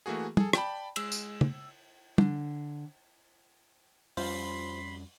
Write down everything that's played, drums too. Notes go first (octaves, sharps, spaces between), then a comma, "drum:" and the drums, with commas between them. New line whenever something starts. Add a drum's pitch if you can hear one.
E3 A3 A#3 F#4 G#4
G#4 A4, drum: tom
D5 G5 A5 B5, drum: rim click
G#3 E6 E7, drum: cymbal
drum: tambourine
drum: tom
D3, drum: tom
F2 G3 C#4 F4 C5 B5 C6, drum: open hi-hat